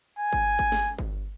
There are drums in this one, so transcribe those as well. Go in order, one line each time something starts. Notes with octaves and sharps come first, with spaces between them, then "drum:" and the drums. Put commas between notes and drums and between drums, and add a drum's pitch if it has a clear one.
G#5
drum: kick G1
drum: kick G1
drum: snare
drum: kick G1